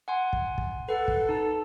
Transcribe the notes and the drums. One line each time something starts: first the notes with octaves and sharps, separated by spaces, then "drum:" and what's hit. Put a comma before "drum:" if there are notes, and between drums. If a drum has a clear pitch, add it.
F#5 G#5 C6
drum: kick
drum: kick
A4 B4 F#5
drum: kick
D#4 A5